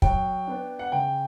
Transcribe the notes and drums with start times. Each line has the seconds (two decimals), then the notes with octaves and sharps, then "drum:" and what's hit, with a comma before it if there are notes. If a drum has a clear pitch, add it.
0.02 F#3 G5, drum: kick
0.47 B3 D4
0.79 F#5
0.92 C#3 G5